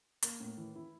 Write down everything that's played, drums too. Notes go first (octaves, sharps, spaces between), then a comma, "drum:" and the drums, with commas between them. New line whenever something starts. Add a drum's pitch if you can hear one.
A#3, drum: hi-hat
A2
E3
E4